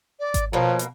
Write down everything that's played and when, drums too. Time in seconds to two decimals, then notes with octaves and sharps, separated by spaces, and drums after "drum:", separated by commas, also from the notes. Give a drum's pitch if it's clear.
0.19 D5
0.34 drum: kick G#1, hi-hat
0.53 B2 F3 A#3 C#5
0.79 drum: hi-hat